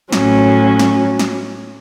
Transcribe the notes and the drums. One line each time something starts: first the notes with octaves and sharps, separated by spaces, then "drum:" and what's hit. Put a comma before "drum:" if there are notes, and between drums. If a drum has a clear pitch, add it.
A2 F#3 C#4, drum: snare
drum: snare
drum: snare